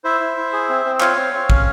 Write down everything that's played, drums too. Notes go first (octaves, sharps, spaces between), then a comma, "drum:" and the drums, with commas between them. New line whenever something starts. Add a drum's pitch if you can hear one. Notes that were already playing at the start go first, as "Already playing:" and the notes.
E4 C5 E5
E4
E4
G#4
C4
C4
F4 C#5 F5, drum: clap
C4
C4
C#4, drum: kick